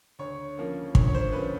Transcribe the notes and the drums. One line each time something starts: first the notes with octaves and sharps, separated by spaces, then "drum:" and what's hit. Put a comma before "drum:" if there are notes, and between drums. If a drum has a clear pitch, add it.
D2 C#5
C#3 F3 A#3 C#4
D2 C#5, drum: kick
C#5
C5
C#3 F3 A#3 C#4 B4